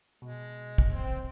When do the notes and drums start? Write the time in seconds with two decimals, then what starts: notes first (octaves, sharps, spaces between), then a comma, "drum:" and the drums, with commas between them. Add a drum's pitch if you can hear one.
0.22 B2 G#3
0.78 drum: kick
0.92 C4